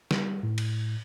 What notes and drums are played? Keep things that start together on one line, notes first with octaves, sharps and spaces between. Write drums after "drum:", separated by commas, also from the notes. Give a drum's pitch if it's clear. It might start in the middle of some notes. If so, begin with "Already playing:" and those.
G3, drum: snare
A2
drum: cymbal